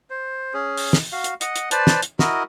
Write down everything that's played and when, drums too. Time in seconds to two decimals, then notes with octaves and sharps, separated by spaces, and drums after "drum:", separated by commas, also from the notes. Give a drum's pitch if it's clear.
0.10 C5
0.54 C#4 G#4
0.77 drum: open hi-hat
0.93 drum: snare
1.12 F#4 F5
1.24 drum: hi-hat
1.41 D#5 F#5, drum: hi-hat
1.56 drum: hi-hat
1.71 B4 C5 D5 A5, drum: hi-hat
1.87 drum: snare
2.02 drum: hi-hat
2.19 E4 F#4 A#4 D#5, drum: snare